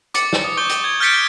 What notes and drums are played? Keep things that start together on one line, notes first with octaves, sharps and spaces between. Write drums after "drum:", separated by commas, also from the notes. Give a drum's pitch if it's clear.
D6 A6 C#7, drum: hi-hat
drum: snare
D#6
C#6 G6 G7
drum: hi-hat
G#6
F6 G6 A6 B6 C#7 D7